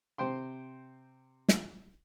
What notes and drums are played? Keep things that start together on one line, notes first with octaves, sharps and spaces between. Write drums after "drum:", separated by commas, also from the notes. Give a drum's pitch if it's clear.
C3 C5 G5 C6
drum: snare